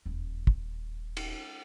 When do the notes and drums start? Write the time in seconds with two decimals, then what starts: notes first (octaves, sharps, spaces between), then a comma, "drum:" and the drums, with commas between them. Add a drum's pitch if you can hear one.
0.06 D#1 E2
0.47 drum: kick
1.17 drum: cymbal